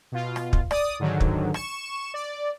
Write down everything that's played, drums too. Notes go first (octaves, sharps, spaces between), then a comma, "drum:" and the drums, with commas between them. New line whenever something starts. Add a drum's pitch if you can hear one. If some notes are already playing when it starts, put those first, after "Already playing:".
B2 F4
drum: rim click
drum: kick
D5 D#6, drum: rim click
G#2 D3 D#3 F#3
drum: kick
C#6 E7, drum: rim click
D5